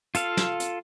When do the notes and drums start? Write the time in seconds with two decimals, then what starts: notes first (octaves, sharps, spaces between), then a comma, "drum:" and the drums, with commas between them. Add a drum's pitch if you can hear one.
0.15 F4 A4 F5, drum: hi-hat
0.37 drum: snare
0.60 drum: hi-hat